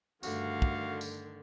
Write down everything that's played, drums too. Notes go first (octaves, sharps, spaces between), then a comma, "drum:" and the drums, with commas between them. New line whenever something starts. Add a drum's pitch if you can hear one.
G2 D3 D#3 A3 F#4 F5, drum: tambourine
drum: kick
drum: tambourine